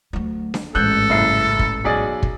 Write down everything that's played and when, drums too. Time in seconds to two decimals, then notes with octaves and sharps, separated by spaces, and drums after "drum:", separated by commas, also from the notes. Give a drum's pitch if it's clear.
0.13 D2 F#3
0.54 drum: snare D4
0.75 A1 G#2 A4 F#6 G6
1.10 F#1 E4 C7
1.59 drum: kick
1.84 B1 G#4 D5
2.23 drum: kick